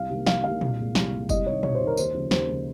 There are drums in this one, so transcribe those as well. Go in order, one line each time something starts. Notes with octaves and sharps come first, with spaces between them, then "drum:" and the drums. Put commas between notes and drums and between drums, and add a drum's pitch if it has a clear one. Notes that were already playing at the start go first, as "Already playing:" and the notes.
Already playing: C2 F5
C3 D#3 G3 A#3
C2 F5, drum: snare
C3 D#3 G3 A#3 F5
C2, drum: tom A#2
A#2 G#3
C2, drum: snare
A#2 G#3
C2 D#5, drum: kick F#1, tambourine
C3 D#3 C#5
C2 C#5, drum: tom A#2
C5
C3 D#3
A#4
D#2 C5, drum: tambourine
C#3 F3
D#2 C5, drum: snare
C#3 F3